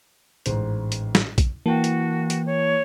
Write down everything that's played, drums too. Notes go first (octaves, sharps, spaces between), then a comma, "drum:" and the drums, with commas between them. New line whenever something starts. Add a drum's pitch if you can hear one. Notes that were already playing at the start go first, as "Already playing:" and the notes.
A1 G#2 C5, drum: hi-hat
drum: hi-hat
drum: snare
drum: kick, hi-hat
E3 A#3 F#4 G5 A5
drum: hi-hat
drum: hi-hat
C#5